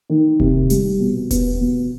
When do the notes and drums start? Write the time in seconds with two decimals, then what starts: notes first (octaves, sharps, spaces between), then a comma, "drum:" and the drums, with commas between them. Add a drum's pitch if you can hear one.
0.10 D#3
0.40 C3, drum: kick E1
0.70 G3, drum: hi-hat
1.00 B2
1.31 B3, drum: kick E1, hi-hat
1.61 B2